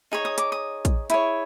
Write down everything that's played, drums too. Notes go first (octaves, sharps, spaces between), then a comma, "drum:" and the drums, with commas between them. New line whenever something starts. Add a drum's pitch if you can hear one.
D#4 G#4 C#5
D#6
D6, drum: hi-hat
D#6
drum: kick, hi-hat
E4 G#4 C#5, drum: hi-hat